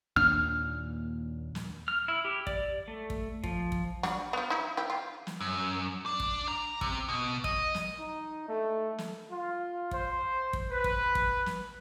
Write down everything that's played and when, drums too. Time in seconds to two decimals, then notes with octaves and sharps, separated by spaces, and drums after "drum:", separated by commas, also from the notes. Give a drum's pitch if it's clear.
0.16 D#2 A#2 D4 F6
1.55 drum: snare
1.88 F6
2.08 E4
2.25 G4
2.47 D5, drum: kick
2.88 A3
3.10 drum: kick
3.44 F3, drum: kick
3.72 drum: kick
4.03 G3 D4 F#4, drum: snare
4.33 F3 B3
4.50 D#4 E4
4.77 E3 G4
4.90 F4
5.27 drum: snare
5.41 F#2
6.06 D4
6.20 drum: kick
6.48 A#5
6.81 C3, drum: kick
7.08 B2
7.44 D#5, drum: kick
7.75 drum: snare
7.99 D#4
8.48 A3
8.98 drum: snare
9.29 F4
9.91 C5, drum: kick
10.53 drum: kick
10.70 B4
10.84 drum: kick
11.15 drum: kick
11.46 drum: snare